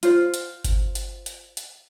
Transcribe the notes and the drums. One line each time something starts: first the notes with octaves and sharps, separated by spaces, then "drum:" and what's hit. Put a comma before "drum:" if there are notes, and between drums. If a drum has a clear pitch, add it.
F4 C5, drum: hi-hat
drum: hi-hat
drum: kick G1, hi-hat
drum: hi-hat
drum: hi-hat
drum: hi-hat